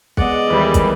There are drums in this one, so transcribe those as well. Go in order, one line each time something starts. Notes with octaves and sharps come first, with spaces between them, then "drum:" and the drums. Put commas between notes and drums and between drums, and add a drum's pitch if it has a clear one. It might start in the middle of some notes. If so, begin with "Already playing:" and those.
G#3 B3 D5 D#5 F#5, drum: kick
D#2 E3 G3 B5
drum: kick, hi-hat